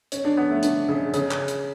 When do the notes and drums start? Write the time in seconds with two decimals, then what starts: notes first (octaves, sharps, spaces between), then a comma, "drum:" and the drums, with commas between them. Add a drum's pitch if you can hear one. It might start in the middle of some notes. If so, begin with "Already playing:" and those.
0.12 C#4, drum: hi-hat
0.25 D4
0.37 B3
0.50 A3
0.63 D3, drum: hi-hat
0.89 C#3
1.14 C#3, drum: hi-hat
1.31 drum: clap
1.48 drum: hi-hat